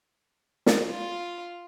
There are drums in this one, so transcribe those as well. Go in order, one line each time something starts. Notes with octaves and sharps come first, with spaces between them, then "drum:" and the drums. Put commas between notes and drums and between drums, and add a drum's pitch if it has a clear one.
drum: snare
F4